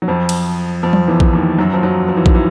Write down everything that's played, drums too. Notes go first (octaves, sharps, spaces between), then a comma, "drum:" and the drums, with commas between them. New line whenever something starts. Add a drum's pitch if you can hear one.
F#3
F2 F3
drum: cymbal
F2 F3
drum: tom F#3
E2 E3
drum: kick A#1
D#2 D#3
F#2 F#3
F3
F#2 F#3
F3
E3
D#3, drum: kick A#1
E3